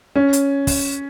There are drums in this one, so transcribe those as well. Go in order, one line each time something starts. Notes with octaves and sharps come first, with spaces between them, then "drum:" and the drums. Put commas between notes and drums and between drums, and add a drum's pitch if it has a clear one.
C#4
drum: hi-hat
drum: kick, open hi-hat